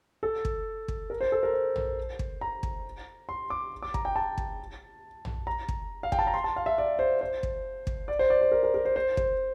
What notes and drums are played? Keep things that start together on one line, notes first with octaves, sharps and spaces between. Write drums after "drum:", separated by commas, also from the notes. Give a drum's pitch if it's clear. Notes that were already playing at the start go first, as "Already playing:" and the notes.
A4
drum: kick
drum: kick
A#4
C5
A4
A#4
C5
drum: tom A#1
drum: kick
A#5
drum: kick
C6
D6
D6
A#5, drum: kick
G5
A5
drum: kick
drum: tom A#1
A#5
drum: kick
F5
G5, drum: kick
A5
A#5
C6
A5
F5
E5
D5
C5
C5
drum: kick
drum: kick
D5
C5
D5
C5
A#4
A#4
A#4
C5
C5
C5, drum: kick